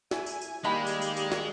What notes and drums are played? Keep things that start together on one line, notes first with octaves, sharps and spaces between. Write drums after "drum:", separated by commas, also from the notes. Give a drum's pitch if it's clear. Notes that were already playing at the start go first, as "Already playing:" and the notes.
E4 G#5, drum: snare
drum: tambourine
drum: tambourine
D#3 G3 G#3 A#3 D#4 G4 B5
drum: tambourine
drum: tambourine
drum: tambourine
drum: snare